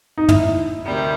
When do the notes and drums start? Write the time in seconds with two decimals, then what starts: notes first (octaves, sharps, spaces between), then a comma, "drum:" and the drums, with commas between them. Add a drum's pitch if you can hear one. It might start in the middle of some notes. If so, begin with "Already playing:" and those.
0.18 D#4
0.29 E4, drum: tom
0.85 D2 C3 D#3 G3